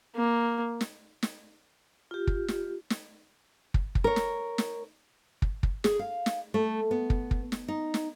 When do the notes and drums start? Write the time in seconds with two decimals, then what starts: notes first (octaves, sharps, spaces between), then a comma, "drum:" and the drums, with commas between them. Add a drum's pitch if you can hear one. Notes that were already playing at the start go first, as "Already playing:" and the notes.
0.16 A#3
0.81 drum: snare
1.23 drum: snare
2.11 F4 G4
2.27 drum: kick
2.48 drum: snare
2.90 drum: snare
3.74 drum: kick
3.95 drum: kick
4.04 A#4 C#5
4.16 drum: snare
4.58 drum: snare
5.42 drum: kick
5.63 drum: kick
5.84 G#4, drum: snare
5.99 F5
6.26 drum: snare
6.54 A3
6.91 B3
7.10 drum: kick
7.31 drum: kick
7.52 drum: snare
7.68 D#4
7.94 drum: snare